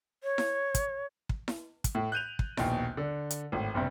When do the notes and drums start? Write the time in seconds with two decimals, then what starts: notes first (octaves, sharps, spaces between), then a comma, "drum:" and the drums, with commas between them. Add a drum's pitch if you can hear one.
0.24 C#5
0.38 drum: snare E4
0.75 drum: kick, hi-hat
1.29 drum: kick
1.48 drum: snare E4
1.84 drum: kick, hi-hat
1.95 A2
2.12 F#6 G6 D#7 F7
2.39 drum: kick
2.57 A#1 D#2 B2, drum: snare E4
2.97 D3
3.30 drum: hi-hat
3.52 G#1 A2
3.74 F#1 G2 C3